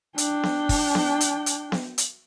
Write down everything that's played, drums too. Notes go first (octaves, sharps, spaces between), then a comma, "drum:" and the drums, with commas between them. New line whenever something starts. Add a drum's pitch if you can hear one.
D4 G5, drum: hi-hat
drum: snare B3
drum: kick, open hi-hat
drum: snare B3
drum: hi-hat
drum: hi-hat
drum: snare B3
drum: hi-hat